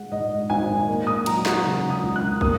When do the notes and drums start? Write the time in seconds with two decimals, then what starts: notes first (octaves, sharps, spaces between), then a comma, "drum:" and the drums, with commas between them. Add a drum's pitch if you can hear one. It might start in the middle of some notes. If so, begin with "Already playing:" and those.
Already playing: G#3 F#5
0.11 G#2 D#5
0.50 G#1 G#5
0.88 A#3
1.07 D#6
1.26 F#3 A#5, drum: cymbal
1.46 F#5, drum: snare
1.65 C#3 A#5
1.90 D#6
2.03 C#2
2.16 F#6
2.41 A#3 D#6, drum: kick